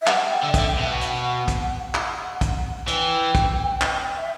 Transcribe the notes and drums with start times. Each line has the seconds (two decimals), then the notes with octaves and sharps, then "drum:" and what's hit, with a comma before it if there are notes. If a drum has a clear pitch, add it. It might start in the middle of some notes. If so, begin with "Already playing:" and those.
0.02 E5
0.07 G3 F#5, drum: clap
0.31 G5
0.43 D3
0.49 D5
0.54 E5, drum: kick, hi-hat
0.60 D3
0.67 G5
0.78 B2 F#5
1.01 drum: hi-hat
1.48 drum: kick, hi-hat
1.94 drum: clap
2.41 drum: kick, hi-hat
2.88 E3 G5, drum: hi-hat
3.35 drum: kick, hi-hat
3.81 drum: clap
4.17 E5